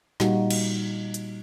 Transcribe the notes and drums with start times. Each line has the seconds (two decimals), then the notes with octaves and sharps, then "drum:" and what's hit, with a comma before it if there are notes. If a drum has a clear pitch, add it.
0.20 A#2 G3 D#4 F4 F#4, drum: snare
0.50 drum: cymbal
1.14 drum: hi-hat